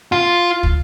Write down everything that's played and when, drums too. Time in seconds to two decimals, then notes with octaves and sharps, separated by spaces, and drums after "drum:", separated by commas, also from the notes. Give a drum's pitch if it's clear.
0.12 F4
0.63 drum: kick